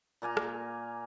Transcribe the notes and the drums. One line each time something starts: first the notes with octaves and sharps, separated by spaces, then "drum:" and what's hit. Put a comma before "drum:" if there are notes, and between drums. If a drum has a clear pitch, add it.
A#2 A#3 G#5 A#5
drum: rim click